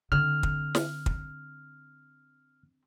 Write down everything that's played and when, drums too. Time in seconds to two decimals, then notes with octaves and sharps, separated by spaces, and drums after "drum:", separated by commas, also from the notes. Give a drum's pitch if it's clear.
0.12 D3 C4 F6
0.43 drum: kick
0.75 drum: snare
1.06 drum: kick